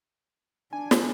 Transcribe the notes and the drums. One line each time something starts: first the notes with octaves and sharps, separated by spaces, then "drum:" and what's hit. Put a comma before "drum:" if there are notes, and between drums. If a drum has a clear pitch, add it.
D4 G#5
drum: snare